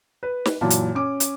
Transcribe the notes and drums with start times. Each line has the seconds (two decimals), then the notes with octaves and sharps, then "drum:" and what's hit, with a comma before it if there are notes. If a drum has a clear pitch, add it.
0.23 B4
0.46 drum: snare
0.61 F#2 A#2 E3 A5
0.70 drum: hi-hat
0.95 C#4 D6
1.20 drum: hi-hat